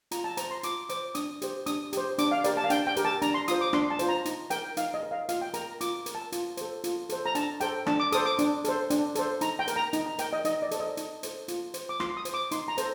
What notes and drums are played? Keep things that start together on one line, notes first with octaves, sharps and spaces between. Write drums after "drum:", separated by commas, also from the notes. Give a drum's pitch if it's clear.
F4 A#5, drum: hi-hat
A5
C5 A#5, drum: hi-hat
C6
F4 D6, drum: hi-hat
C5 D6, drum: hi-hat
D4 D#6, drum: hi-hat
G4 C5, drum: hi-hat
D4 D#6, drum: hi-hat
G4 C5, drum: hi-hat
D4 D6, drum: hi-hat
F5
G4 A#4 D5, drum: hi-hat
A5
F5
D4 G5, drum: hi-hat
G5
G4 A#4, drum: hi-hat
A5
D4 A#5, drum: hi-hat
C6
F4 C5 D#6, drum: hi-hat
D6
D4 C6, drum: rim click
A5
F4 C5, drum: hi-hat
A#5
D#4, drum: hi-hat
A#4 G5, drum: hi-hat
D#4 F5, drum: hi-hat
D#5
A#4
F5
F4 F5, drum: hi-hat
G5
A#4 A#5, drum: hi-hat
F4 D6, drum: hi-hat
A#4, drum: hi-hat
A5
F4, drum: hi-hat
A4 C5, drum: hi-hat
F4, drum: hi-hat
A4 C5, drum: hi-hat
A#5
D4 A5, drum: hi-hat
A4 C5 G5, drum: hi-hat
D4 A5, drum: rim click
D6
A4 C5 D#6, drum: hi-hat
D6
D4, drum: hi-hat
A4 C5, drum: hi-hat
D4, drum: hi-hat
A4 C5, drum: hi-hat
D#4 A#5, drum: hi-hat
G5
A#4, drum: hi-hat
A#5
D#4, drum: hi-hat
A#5
A#4 G5, drum: hi-hat
D#5
D#4 D#5, drum: hi-hat
D5
A4 C5, drum: hi-hat
D#5
D#4, drum: hi-hat
A4 C5, drum: hi-hat
F4, drum: hi-hat
C5, drum: hi-hat
D6
F4 C6, drum: rim click
D#6
C5, drum: hi-hat
D6
D#4 C6, drum: hi-hat
A#5
A4 C5, drum: hi-hat